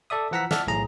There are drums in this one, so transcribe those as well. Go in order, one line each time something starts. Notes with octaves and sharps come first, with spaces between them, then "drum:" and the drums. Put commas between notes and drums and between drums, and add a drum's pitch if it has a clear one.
A4 D5 E5 D#6
E3 F3 F#5 A#5 E6 B6
D5 E5 F#5 A5 F6, drum: snare
B1 A2 G#4 A#5